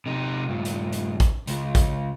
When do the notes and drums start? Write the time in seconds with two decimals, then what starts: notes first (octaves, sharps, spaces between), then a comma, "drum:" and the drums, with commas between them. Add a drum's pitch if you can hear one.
0.06 C3 D#4
0.49 G2 A#2
0.65 drum: hi-hat
0.93 drum: hi-hat
1.20 drum: kick, hi-hat
1.47 C#2, drum: hi-hat
1.75 drum: kick, hi-hat